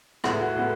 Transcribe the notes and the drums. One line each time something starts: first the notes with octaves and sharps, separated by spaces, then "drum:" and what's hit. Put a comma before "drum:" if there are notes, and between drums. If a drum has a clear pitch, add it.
A2 G#3 B3 E4, drum: rim click
F#4
A2 G#3 B3